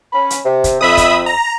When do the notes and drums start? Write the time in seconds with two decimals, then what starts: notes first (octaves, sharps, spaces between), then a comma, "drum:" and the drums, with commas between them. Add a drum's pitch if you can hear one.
0.13 C#4 B5
0.30 drum: hi-hat
0.44 C3
0.64 drum: kick, hi-hat
0.81 F2 E5 B5 D#6
0.97 drum: kick, hi-hat
1.26 A#5